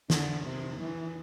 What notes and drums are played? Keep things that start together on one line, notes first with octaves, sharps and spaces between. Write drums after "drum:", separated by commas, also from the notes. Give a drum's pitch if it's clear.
D3, drum: snare
C3
E3